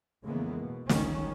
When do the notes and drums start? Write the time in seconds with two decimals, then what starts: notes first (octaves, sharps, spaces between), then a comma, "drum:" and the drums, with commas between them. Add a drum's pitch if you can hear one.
0.24 F2 C#3 E3 G#3 A#3 B3
0.60 B2
0.89 G1 C#2 D#3 C#4, drum: snare